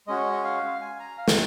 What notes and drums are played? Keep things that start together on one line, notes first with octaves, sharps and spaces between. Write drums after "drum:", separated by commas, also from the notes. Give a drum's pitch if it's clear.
G#3 C#4 F#4 D#5
D#5
F5
G#5
A#5
F5
F#5, drum: snare